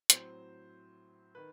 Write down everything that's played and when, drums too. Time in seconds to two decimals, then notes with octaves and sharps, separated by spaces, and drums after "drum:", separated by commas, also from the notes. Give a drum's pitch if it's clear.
0.10 A2 F#3 C4 C5, drum: hi-hat
1.35 D#3 B4